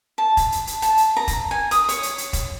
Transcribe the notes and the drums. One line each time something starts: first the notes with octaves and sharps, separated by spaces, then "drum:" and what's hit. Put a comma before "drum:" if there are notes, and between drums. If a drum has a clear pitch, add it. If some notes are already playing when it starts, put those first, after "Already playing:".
A5
drum: kick E1, hi-hat
drum: hi-hat
drum: hi-hat
A5, drum: hi-hat
drum: hi-hat
A#5
drum: kick E1, hi-hat
G#5
D#6, drum: hi-hat
C#5, drum: hi-hat
drum: hi-hat
drum: hi-hat
drum: kick E1, hi-hat